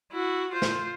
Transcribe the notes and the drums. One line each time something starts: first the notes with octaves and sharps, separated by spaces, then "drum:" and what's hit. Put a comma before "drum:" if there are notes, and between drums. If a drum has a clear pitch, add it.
E4 F#4
F4 C5
drum: snare